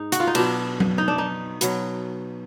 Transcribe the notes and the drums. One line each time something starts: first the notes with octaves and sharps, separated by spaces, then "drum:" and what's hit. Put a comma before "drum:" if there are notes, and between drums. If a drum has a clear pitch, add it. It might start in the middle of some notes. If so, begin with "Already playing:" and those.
Already playing: G#2 D#4
F#4, drum: hi-hat
F4
D#4
B2 F#3 D4, drum: cymbal
drum: tom F#3
D#4
D4
D#4
B2 F#3, drum: hi-hat